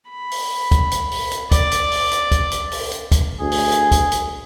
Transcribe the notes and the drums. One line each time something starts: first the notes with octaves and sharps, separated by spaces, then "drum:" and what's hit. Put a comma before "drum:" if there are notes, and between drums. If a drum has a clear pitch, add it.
B5
drum: open hi-hat
drum: kick, hi-hat
drum: hi-hat
drum: open hi-hat
drum: hi-hat
D5, drum: kick, hi-hat
drum: hi-hat
drum: open hi-hat
drum: hi-hat
drum: kick, hi-hat
drum: hi-hat
drum: open hi-hat
drum: hi-hat
drum: kick, hi-hat
D2 G#4
drum: open hi-hat
drum: hi-hat
drum: kick, hi-hat
drum: hi-hat